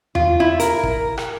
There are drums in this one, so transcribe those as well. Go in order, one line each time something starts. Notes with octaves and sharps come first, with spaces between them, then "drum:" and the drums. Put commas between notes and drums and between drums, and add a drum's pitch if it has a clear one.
F4, drum: tom E2
E4
A#4, drum: hi-hat
drum: kick
drum: rim click